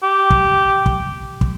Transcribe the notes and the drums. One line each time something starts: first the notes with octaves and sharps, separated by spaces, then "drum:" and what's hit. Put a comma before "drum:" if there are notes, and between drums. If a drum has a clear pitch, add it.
G4
drum: kick
drum: kick
drum: kick